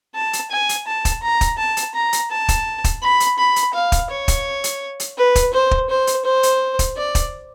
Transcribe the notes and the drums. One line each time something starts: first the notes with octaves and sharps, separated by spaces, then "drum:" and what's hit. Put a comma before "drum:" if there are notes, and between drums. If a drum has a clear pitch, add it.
A5
drum: hi-hat
G#5
drum: hi-hat
A5
drum: kick, hi-hat
A#5
drum: kick, hi-hat
A5
drum: hi-hat
A#5
drum: hi-hat
A5
drum: kick, hi-hat
drum: kick, hi-hat
B5
drum: hi-hat
B5
drum: hi-hat
F5
drum: kick, hi-hat
C#5
drum: kick, hi-hat
drum: hi-hat
drum: hi-hat
B4
drum: kick, hi-hat
C5
drum: kick
C5
drum: hi-hat
C5
drum: hi-hat
drum: kick, hi-hat
D5
drum: kick, hi-hat